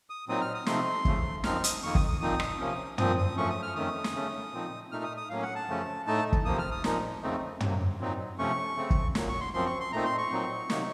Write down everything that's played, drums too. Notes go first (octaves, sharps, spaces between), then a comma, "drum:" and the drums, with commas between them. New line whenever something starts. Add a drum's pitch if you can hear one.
D#6
A#2 F#3 C4 D#4 D#6
F6
D#6
C3 F3 A3 C4 D#4 C6, drum: snare
C#3 F3 A3, drum: kick
F#2 F3 C4 D#4 F6, drum: snare
D#6, drum: hi-hat
F2 D#3 A#3 C#6
D#6, drum: kick
D#6
A#2 F3 C4 D#4 D#6
drum: rim click
C3 F3 A#3 C#4
A#2 F3 C4 D#6, drum: tom
D#6
F#2 F3 A3 C#4 C#6
D#6
F6
F2 D#3 A3 C#4 D#6
drum: snare
C#3 A3 C#4
A#2 F3 C4 D#4
A#2 A3 D#4 F6
D#6
D#6
A2 F#3 A#3 C#4 F5
F#5
A5
F#2 C#3 F3 A3 C#4
A2 A3 D#4 A5
drum: kick
C3 F3 A#3 D#6
F6
D#6
A#2 F3 A#3 D#4, drum: snare
F2 C#3 A3 C4 D#4
C3 F#3 A#3, drum: tom
A#2 F#3 C4 D#4
C3 F3 A3 C#4 C#6
C#3 A3 C4
drum: kick
A#2 F#3 A#3, drum: snare
C#6
C6
F#2 F3 C4 C6
C#6
C6
A#2 A3 C4 D#4 A#5
C6
C#6
A#2 F#3 C4 D#4
C3 D#3 F#3 A#3 D#4, drum: snare